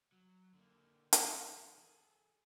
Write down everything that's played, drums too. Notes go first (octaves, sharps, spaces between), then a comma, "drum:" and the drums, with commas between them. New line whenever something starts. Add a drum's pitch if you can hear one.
F#3
D3 A#3
drum: hi-hat
E3 D#4
G#4 A4